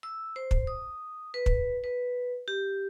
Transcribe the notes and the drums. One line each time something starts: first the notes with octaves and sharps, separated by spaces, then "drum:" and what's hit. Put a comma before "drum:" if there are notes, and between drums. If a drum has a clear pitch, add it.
E6
C5
drum: kick
D#6
B4
drum: kick
B4
G4